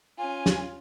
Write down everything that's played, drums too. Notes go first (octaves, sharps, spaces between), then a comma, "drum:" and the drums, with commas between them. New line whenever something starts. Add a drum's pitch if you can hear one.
C#4 F4 G#5
drum: snare